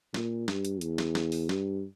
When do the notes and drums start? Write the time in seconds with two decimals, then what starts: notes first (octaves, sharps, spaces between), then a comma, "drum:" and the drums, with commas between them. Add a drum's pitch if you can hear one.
0.14 A#2, drum: snare
0.48 G2, drum: snare
0.65 drum: hi-hat
0.81 E2, drum: hi-hat
0.98 drum: snare
1.15 drum: snare
1.32 drum: open hi-hat
1.49 G2, drum: snare